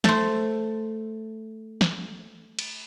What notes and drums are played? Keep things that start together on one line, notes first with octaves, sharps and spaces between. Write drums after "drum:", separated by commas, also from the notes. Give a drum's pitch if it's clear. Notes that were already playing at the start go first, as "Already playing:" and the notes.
A3 C5, drum: snare
drum: snare
drum: cymbal